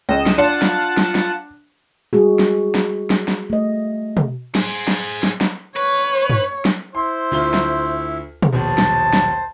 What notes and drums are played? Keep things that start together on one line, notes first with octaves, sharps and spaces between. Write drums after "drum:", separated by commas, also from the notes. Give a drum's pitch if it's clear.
C#2 D#5 E7
drum: snare
D4 F4 F#5 A5
drum: snare
drum: snare
drum: snare
G3 G#3 F#4 G#4
drum: snare
drum: snare
drum: snare
drum: snare
A3 D#5
drum: tom
G#4 C5, drum: snare
drum: snare
drum: snare
drum: snare
B4 C#5
drum: tom
drum: snare
E4 C5 C6
D2 F4 G7
drum: snare
drum: tom
A#1 D#2 B2 C5 A5
drum: snare
drum: snare